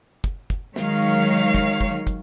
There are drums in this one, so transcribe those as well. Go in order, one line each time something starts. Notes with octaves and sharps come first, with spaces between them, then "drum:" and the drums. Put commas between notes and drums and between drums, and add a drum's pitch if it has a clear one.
drum: kick, hi-hat
drum: kick, hi-hat
D#3 F#3 G#3 C#5 F5, drum: snare
drum: hi-hat
drum: hi-hat
drum: kick, hi-hat
drum: kick, hi-hat
drum: kick, hi-hat